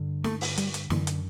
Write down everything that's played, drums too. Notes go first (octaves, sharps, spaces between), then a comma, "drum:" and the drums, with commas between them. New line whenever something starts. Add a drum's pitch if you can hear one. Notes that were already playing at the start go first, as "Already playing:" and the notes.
Already playing: G2 D3
A3, drum: snare
drum: open hi-hat
G3, drum: hi-hat
drum: hi-hat
F#2 D3 E3, drum: snare
drum: hi-hat